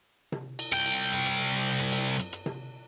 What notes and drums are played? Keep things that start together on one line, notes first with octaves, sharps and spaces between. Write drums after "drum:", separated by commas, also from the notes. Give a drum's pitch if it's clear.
drum: tom C3
drum: cymbal
C2 G5, drum: rim click
drum: cymbal
drum: rim click
drum: rim click
drum: rim click
drum: cymbal
drum: rim click
drum: rim click
drum: tom C3